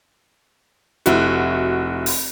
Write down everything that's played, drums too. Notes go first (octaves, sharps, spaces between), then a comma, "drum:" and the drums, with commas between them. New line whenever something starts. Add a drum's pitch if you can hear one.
F1 E4 F#4, drum: hi-hat
drum: open hi-hat